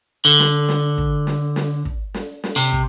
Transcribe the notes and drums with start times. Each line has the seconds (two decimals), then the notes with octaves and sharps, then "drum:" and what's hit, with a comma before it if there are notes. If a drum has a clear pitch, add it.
0.25 D3
0.39 drum: snare
0.69 drum: snare
0.98 drum: kick
1.27 drum: snare
1.56 drum: snare
1.85 drum: kick
2.14 drum: snare
2.44 drum: snare
2.56 C3
2.73 drum: kick